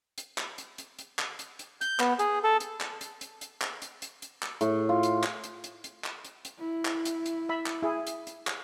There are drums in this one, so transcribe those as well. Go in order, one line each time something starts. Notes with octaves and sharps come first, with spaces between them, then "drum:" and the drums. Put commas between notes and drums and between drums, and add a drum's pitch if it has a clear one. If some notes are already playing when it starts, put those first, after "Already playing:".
drum: hi-hat
drum: clap
drum: hi-hat
drum: hi-hat
drum: hi-hat
drum: clap
drum: hi-hat
drum: hi-hat
G6, drum: hi-hat
B3, drum: clap
G#4, drum: hi-hat
A4
drum: hi-hat
drum: clap
drum: hi-hat
drum: hi-hat
drum: hi-hat
drum: clap
drum: hi-hat
drum: hi-hat
drum: hi-hat
drum: clap
A2, drum: hi-hat
F4
drum: hi-hat
drum: clap
drum: hi-hat
drum: hi-hat
drum: hi-hat
drum: clap
drum: hi-hat
drum: hi-hat
E4
drum: clap
drum: hi-hat
drum: hi-hat
E5 B5
drum: clap
E4 G#4
drum: hi-hat
drum: hi-hat
drum: clap